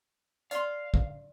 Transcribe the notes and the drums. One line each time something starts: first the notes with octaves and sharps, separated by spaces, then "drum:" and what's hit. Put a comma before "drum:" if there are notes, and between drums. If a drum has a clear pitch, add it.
D5 F5 C6, drum: hi-hat
drum: kick